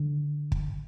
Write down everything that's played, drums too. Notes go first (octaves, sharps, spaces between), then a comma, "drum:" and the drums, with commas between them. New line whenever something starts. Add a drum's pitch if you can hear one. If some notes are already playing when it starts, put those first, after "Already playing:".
Already playing: D3
drum: kick